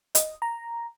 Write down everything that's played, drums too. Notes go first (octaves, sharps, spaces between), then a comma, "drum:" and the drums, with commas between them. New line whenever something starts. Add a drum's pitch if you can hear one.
D#5, drum: hi-hat
A#5